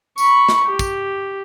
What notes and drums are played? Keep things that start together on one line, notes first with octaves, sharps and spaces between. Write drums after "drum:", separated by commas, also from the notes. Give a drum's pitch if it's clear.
B5 C#6, drum: tambourine
drum: snare
G4
drum: kick, tambourine